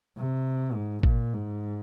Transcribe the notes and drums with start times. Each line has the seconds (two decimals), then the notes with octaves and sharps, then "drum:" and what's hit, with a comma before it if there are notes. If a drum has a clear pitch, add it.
0.18 C3
0.75 G#2
1.03 A#2, drum: kick
1.33 G#2